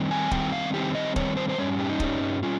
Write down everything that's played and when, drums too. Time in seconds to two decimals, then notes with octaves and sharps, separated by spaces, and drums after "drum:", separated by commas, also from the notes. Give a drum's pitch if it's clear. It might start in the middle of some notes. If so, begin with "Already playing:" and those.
Already playing: D#3 G3 C4
0.11 G#5
0.31 D#3 G3 C4 G5, drum: kick
0.52 F5
0.74 D#3 G3 C4 G4
0.95 D#5
1.16 D#3 G3 C4 C#5, drum: kick
1.37 C5
1.49 C5
1.58 G2 G3 C#4 C#5
1.79 G4
1.89 D#4
2.00 G2 G3 C#4, drum: kick
2.43 G3 C#4 F4